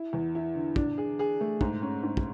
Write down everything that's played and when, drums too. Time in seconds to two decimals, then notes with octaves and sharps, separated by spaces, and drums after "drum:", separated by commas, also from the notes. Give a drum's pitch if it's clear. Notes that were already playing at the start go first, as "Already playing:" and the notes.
Already playing: E4
0.13 E2
0.35 E4
0.55 D3
0.76 D4, drum: kick
0.98 G#4
1.19 G#4
1.40 A3
1.61 G#2, drum: kick
1.82 C#4
2.03 G#2
2.17 drum: kick